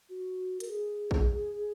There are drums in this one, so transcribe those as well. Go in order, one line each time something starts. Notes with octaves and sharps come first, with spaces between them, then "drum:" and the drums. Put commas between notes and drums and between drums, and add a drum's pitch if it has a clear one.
F#4
A#4, drum: hi-hat
G#4
drum: kick